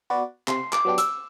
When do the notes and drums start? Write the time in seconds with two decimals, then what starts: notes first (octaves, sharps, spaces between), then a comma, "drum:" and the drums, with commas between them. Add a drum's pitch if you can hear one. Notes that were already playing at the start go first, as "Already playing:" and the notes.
0.10 B3 F#4 B4 D5
0.48 C3 C6, drum: clap
0.73 D6, drum: clap
0.85 F#3 B3 D4 G4
0.98 E6, drum: hi-hat